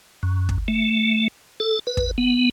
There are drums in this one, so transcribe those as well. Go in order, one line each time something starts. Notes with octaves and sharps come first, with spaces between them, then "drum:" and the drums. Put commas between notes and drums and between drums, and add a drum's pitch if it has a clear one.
F#2
drum: kick
A3
A4
B4
drum: kick
B3